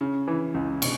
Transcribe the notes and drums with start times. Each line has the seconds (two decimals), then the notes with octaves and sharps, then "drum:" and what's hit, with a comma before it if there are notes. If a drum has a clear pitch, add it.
0.01 C#3
0.28 E3
0.54 C#2
0.82 B2, drum: cymbal